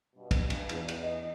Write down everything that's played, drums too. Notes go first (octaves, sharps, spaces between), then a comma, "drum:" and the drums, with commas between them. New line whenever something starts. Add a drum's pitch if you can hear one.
G2 B2
drum: kick, cymbal
drum: cymbal
E2, drum: cymbal
drum: cymbal
D#5